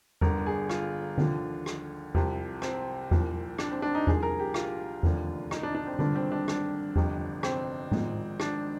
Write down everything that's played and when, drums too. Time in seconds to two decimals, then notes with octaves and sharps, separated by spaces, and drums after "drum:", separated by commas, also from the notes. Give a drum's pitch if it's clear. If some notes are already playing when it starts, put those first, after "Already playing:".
0.21 G1 G2 D3 A#4, drum: tom E2
0.46 G#4
0.69 F4, drum: rim click
1.18 D#2 D3 F3, drum: tom D3
1.66 drum: rim click
2.15 C2 C3 F3, drum: tom E2
2.62 C4, drum: rim click
3.11 C2 A#2 F3, drum: tom E2
3.58 D4, drum: rim click
3.71 C4
3.82 D4
3.95 D#4
4.07 C2 A#2 F3 G#4, drum: tom E2
4.23 A#4
4.39 G4
4.54 F4, drum: rim click
5.03 F1 D#2 D3 F3, drum: tom E2
5.51 D#4, drum: rim click
5.63 D4
5.75 D4
5.87 C4
5.99 G#1 G2 D3 F3 D4, drum: tom D3
6.15 C4
6.32 D4
6.48 D4, drum: rim click
6.96 G1 F2 C3, drum: tom E2
7.43 C4, drum: rim click
7.92 G#1 G#2 F3, drum: tom
8.40 D4, drum: rim click